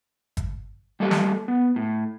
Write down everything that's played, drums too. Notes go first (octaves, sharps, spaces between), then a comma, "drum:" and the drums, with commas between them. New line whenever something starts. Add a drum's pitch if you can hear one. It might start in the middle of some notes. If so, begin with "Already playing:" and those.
drum: kick G1, hi-hat
G3 A3 A#3 G4 A4 D#5
drum: snare
B3
A2